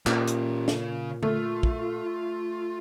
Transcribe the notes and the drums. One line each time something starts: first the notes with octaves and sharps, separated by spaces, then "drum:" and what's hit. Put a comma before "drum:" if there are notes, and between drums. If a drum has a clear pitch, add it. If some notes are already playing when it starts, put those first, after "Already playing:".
A#2 C#4 G4, drum: clap
drum: hi-hat
C#3 F5, drum: snare
A3 F4, drum: tom
drum: kick